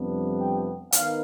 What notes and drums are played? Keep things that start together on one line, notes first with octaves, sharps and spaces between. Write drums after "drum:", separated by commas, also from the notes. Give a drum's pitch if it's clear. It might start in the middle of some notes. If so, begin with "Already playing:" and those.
Already playing: F2 C3 G3 B3 D4
G5
D#3 B3 D#4 F5, drum: hi-hat